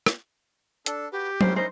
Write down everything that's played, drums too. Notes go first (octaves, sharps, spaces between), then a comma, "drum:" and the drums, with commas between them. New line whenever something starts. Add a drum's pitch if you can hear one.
drum: rim click
D4 A4, drum: hi-hat
F#4 G4 B4
C#4 E4 A#4 C5, drum: tom F#3
D#4 C5